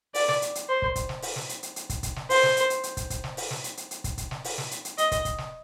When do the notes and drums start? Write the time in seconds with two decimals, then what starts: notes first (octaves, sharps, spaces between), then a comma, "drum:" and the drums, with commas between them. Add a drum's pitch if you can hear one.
0.14 D5, drum: open hi-hat
0.28 drum: snare
0.42 drum: hi-hat
0.55 drum: hi-hat
0.69 C5
0.82 drum: kick
0.96 drum: kick, hi-hat
1.09 drum: snare
1.22 drum: open hi-hat
1.36 drum: snare
1.49 drum: hi-hat
1.63 drum: hi-hat
1.76 drum: hi-hat
1.89 drum: kick, hi-hat
2.03 drum: kick, hi-hat
2.16 drum: snare
2.30 C5, drum: open hi-hat
2.43 drum: snare
2.57 drum: hi-hat
2.70 drum: hi-hat
2.83 drum: hi-hat
2.97 drum: kick, hi-hat
3.10 drum: kick, hi-hat
3.24 drum: snare
3.37 drum: open hi-hat
3.51 drum: snare
3.64 drum: hi-hat
3.77 drum: hi-hat
3.91 drum: hi-hat
4.04 drum: kick, hi-hat
4.18 drum: kick, hi-hat
4.31 drum: snare
4.44 drum: open hi-hat
4.58 drum: snare
4.71 drum: hi-hat
4.85 drum: hi-hat
4.98 D#5, drum: hi-hat
5.12 drum: kick, hi-hat
5.25 drum: kick, hi-hat
5.38 drum: snare